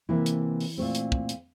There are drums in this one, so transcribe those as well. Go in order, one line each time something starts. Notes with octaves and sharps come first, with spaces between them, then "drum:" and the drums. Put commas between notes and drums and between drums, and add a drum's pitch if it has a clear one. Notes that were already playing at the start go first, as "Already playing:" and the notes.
C3 E3 A#3 E4
drum: hi-hat
drum: open hi-hat
A#2 A3 C4
drum: hi-hat
drum: kick
drum: hi-hat